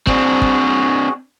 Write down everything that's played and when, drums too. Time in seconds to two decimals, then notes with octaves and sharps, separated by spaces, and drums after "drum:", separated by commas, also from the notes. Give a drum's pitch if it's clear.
0.07 C4 D4 F#4 G#4, drum: kick
0.42 drum: kick